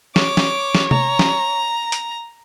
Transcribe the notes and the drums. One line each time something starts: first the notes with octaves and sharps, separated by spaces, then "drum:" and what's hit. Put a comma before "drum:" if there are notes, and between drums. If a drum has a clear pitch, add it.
C#5 D6, drum: snare
drum: snare
drum: snare
A#5, drum: tom C3
drum: snare
drum: hi-hat